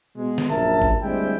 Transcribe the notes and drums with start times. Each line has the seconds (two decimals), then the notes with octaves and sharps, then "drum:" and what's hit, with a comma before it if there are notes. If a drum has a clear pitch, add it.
0.16 B2 G#3
0.38 drum: snare
0.49 A#1 F#2 A#4 E5 A5
0.82 drum: kick G#1
1.01 D2 G3 G#3 C4 E4 G5